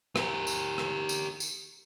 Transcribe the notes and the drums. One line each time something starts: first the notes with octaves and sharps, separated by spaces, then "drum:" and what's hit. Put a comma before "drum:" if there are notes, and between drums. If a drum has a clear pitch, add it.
G4 A#4, drum: rim click
drum: tambourine
drum: rim click
drum: tambourine
drum: tambourine